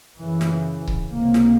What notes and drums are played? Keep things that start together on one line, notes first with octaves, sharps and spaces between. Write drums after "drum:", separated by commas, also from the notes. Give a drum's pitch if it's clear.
F#2 C#3 E3
drum: snare
drum: kick C#1
C#2 C3 A#3
drum: snare